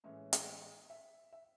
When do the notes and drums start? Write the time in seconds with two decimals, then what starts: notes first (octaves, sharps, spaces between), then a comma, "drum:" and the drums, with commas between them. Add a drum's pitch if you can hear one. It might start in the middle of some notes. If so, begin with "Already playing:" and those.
0.04 A2 E3 G#3 C#4 E4 C#5
0.33 drum: hi-hat
0.48 D#5
0.90 E5
1.33 E5